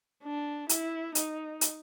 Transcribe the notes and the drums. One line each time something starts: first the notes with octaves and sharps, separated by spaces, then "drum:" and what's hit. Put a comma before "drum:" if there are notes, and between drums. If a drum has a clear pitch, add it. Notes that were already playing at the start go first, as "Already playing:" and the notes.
D4
E4, drum: hi-hat
D#4, drum: hi-hat
drum: hi-hat